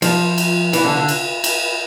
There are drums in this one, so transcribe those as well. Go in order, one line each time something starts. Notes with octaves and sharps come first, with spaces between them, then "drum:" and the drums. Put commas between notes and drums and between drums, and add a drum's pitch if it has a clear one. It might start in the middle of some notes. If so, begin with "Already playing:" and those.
F3, drum: cymbal
drum: cymbal
E3, drum: cymbal
D3
D3
drum: cymbal
drum: cymbal